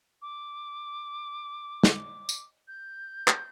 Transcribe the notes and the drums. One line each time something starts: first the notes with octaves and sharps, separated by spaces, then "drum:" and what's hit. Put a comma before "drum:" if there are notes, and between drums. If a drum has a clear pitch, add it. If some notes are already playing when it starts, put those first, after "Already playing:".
D6
drum: snare
drum: tambourine
G6
drum: clap